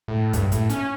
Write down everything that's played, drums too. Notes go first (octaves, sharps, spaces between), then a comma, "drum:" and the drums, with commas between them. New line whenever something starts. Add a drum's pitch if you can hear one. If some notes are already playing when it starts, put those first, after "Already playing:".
A2
G2, drum: kick, hi-hat
A2, drum: hi-hat
C#4, drum: hi-hat